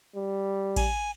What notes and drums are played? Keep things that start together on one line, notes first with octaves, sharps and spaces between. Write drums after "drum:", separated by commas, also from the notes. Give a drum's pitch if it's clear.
G3
G#5, drum: kick A1, cymbal